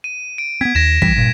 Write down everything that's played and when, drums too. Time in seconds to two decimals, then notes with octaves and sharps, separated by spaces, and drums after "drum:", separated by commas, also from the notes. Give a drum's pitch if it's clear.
0.04 D#7
0.38 D7
0.61 B3 C4 G#6 B6
0.75 D#2 A#6 E7
1.02 E3 G3 B6, drum: kick
1.16 G2 A#2